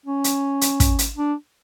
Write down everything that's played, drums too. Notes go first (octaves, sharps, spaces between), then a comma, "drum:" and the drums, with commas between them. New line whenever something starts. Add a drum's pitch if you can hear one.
C#4
drum: hi-hat
drum: hi-hat
drum: kick, hi-hat
drum: hi-hat
D4